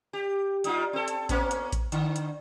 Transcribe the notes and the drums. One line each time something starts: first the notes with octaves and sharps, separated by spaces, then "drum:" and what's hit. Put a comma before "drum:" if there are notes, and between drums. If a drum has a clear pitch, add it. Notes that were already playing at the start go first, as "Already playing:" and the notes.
G4
G3 D#4 F4, drum: hi-hat
C4 A4
drum: hi-hat
A#3 B3 C#4, drum: kick A1, hi-hat
drum: hi-hat
drum: kick A1, hi-hat
D3, drum: hi-hat
drum: hi-hat